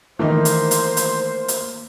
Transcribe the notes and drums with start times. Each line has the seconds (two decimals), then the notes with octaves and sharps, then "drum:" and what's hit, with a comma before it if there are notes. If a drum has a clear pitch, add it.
0.19 D#3 E3 A3 A#3 D#4 C5
0.45 drum: hi-hat
0.71 drum: hi-hat
0.97 drum: hi-hat
1.48 drum: hi-hat